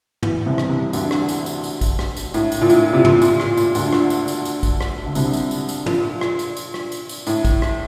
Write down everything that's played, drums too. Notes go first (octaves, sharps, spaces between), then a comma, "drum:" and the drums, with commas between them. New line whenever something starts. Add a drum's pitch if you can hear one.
E2 E3, drum: tom
C2 C3
drum: rim click
C2 C3
D2 D3, drum: tambourine
drum: rim click
drum: tambourine
drum: tambourine
drum: tambourine
drum: kick, tambourine
drum: rim click
drum: tambourine
A2, drum: tambourine
drum: tambourine
A#2
A2, drum: tambourine
C3
A#2, drum: tom
A#2, drum: tambourine
drum: rim click
A#2, drum: tambourine
D2 D3, drum: tambourine
drum: rim click
drum: tambourine
drum: tambourine
drum: tambourine
drum: kick, tambourine
drum: rim click
D3
C2 C3, drum: tambourine
drum: tambourine
drum: tambourine
drum: tambourine
A#2, drum: tom
drum: rim click
drum: tambourine
drum: tambourine
drum: rim click
drum: tambourine
drum: tambourine
A2, drum: tambourine
drum: kick, tambourine
drum: rim click